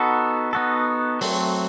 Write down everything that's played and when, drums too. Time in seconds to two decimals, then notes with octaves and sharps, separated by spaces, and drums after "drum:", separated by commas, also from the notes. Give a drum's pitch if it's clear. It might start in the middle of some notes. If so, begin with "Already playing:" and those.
Already playing: B3 D#4 F#4 A4
0.53 B3 D#4 F#4 A4
1.21 F#3 A3 C4, drum: open hi-hat